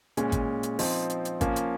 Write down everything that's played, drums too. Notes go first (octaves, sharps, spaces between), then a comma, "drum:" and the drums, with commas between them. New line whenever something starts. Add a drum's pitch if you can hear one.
A#2 G#3 C#4, drum: hi-hat
drum: kick, hi-hat
drum: hi-hat
F3 C4 D#4, drum: open hi-hat
drum: hi-hat
drum: hi-hat
F3 A#3 C#4, drum: kick, hi-hat
drum: hi-hat